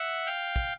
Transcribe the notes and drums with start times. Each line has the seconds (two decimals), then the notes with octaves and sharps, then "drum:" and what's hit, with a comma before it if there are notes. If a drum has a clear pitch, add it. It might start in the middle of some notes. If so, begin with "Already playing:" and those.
Already playing: E5 F#5
0.26 F5 G5
0.56 drum: kick